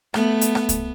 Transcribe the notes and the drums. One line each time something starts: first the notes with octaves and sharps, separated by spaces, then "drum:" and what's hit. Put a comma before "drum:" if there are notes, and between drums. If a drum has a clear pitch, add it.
A3 B3, drum: rim click
drum: hi-hat
drum: rim click
drum: kick C2, hi-hat